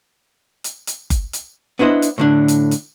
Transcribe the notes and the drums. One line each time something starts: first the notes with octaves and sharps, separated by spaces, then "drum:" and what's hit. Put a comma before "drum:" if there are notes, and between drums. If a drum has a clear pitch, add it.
drum: hi-hat
drum: hi-hat
drum: kick F#1, hi-hat
drum: hi-hat
B3 D4 E4 C5 D#5
drum: hi-hat
A2 D3 D4
drum: hi-hat
drum: hi-hat